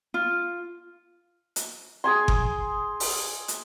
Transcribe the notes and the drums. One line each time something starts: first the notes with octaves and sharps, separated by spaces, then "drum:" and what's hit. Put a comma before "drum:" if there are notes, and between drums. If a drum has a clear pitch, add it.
F4
drum: hi-hat
G#4 G#5 C6
drum: kick G1
drum: open hi-hat
drum: hi-hat